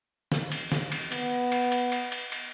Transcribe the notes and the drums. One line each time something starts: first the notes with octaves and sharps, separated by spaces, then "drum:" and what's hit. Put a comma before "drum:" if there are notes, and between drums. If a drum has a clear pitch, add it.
drum: snare
drum: cymbal
drum: snare
drum: cymbal
B3, drum: cymbal
drum: cymbal
drum: cymbal
drum: cymbal
drum: cymbal
drum: cymbal